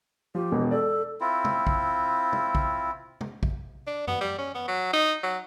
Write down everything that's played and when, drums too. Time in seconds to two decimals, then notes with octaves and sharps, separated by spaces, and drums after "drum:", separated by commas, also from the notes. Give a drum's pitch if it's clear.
0.35 F3 G4
0.52 E1 B2
0.71 A4 D5
1.21 C4 E4 F4
1.45 drum: tom
1.67 drum: kick A#1
2.33 drum: tom
2.55 drum: kick A#1
3.21 drum: tom
3.43 drum: kick A#1
3.87 D4
4.08 B3, drum: tom F#2
4.21 G3
4.38 C#4
4.55 B3
4.68 F#3
4.93 D#4
5.23 F#3